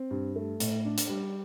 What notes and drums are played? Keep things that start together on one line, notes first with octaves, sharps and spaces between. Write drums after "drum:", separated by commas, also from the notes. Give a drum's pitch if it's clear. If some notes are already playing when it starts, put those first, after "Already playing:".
Already playing: C4
G2
A3
A2, drum: hi-hat
D4
drum: hi-hat
G3